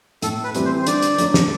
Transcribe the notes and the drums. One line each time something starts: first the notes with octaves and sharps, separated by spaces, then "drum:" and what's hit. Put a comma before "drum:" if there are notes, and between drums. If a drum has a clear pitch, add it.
A2 A4, drum: hi-hat
B4
E3 G3 C4 G4, drum: hi-hat
C5
C5
D3 D5, drum: hi-hat
drum: hi-hat
F#3 A3 D4, drum: hi-hat
drum: snare